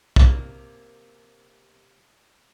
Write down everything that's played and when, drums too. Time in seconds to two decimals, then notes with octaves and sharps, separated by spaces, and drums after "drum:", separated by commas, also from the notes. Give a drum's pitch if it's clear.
0.16 C3 A#3, drum: kick